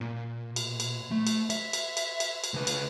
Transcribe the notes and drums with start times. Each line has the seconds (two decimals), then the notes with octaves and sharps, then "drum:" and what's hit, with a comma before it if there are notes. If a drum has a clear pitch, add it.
0.01 A#2
0.56 drum: cymbal
0.80 drum: cymbal
1.11 A3
1.27 drum: cymbal
1.50 E5, drum: cymbal
1.73 drum: cymbal
1.97 drum: cymbal
2.20 drum: cymbal
2.44 drum: cymbal
2.54 C#2 B4
2.67 drum: cymbal